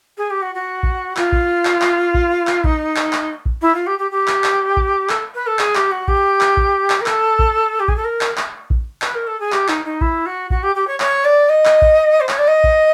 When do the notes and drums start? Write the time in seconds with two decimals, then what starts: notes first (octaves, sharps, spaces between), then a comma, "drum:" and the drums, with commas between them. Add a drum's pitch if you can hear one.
0.18 G#4
0.30 G4
0.42 F#4
0.55 F#4
0.83 drum: kick A1
1.17 F4, drum: clap
1.32 drum: kick A1
1.65 drum: clap
1.82 drum: clap
2.14 drum: kick A1
2.47 drum: clap
2.64 D#4, drum: kick A1
2.96 drum: clap
3.13 drum: clap
3.46 drum: kick A1
3.62 E4
3.75 F4
3.87 G4
3.99 G4
4.11 G4
4.28 drum: clap
4.44 drum: clap
4.77 drum: kick A1
5.09 A4, drum: clap
5.34 B4
5.47 A4
5.59 G#4, drum: clap
5.75 G4, drum: clap
5.91 F#4
6.08 G4, drum: kick A1
6.41 drum: clap
6.57 drum: kick A1
6.90 drum: clap
7.01 A#4
7.06 A4, drum: clap
7.39 drum: kick A1
7.80 G4
7.88 G#4, drum: kick A1
7.96 A4
8.04 A#4
8.21 drum: clap
8.37 drum: clap
8.70 drum: kick A1
9.02 B4, drum: clap
9.15 A#4
9.27 A4
9.40 G#4
9.52 G4, drum: clap
9.68 D#4, drum: clap
9.85 D#4
10.01 E4, drum: kick A1
10.26 F#4
10.50 F#4, drum: kick A1
10.63 G4
10.75 G4
10.87 C#5
11.00 C#5, drum: clap
11.25 D5
11.49 D#5
11.65 drum: clap
11.82 drum: kick A1
12.20 C5
12.29 C#5, drum: clap
12.38 D5
12.47 D#5
12.64 drum: kick A1